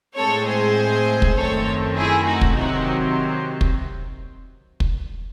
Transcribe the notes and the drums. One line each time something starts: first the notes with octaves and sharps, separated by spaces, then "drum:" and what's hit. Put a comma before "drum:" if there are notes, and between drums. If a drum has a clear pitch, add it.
A2 G#3 C4 A4 C#5
G#4 C5
drum: kick
F#2 D#3 A3 C4 A4 C#5
E4 G#4
D#4 F#4
drum: kick
C3 D#3 F#3 C4 D#4 F#4
drum: kick
drum: kick